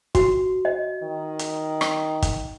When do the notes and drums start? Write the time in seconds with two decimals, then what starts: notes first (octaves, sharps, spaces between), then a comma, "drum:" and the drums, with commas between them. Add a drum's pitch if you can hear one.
0.15 F#4, drum: kick, hi-hat
0.65 D#5
1.03 D#3
1.39 drum: hi-hat
1.81 drum: rim click
2.22 drum: kick, hi-hat